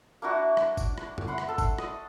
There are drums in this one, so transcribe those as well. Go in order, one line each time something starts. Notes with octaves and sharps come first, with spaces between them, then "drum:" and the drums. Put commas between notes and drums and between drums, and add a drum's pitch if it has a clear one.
A#3 D4 E4 F#4
drum: rim click
drum: kick, tambourine
drum: rim click
drum: tom F2
F#5 B5 C6
drum: rim click
A4
drum: kick, tambourine
D#5, drum: rim click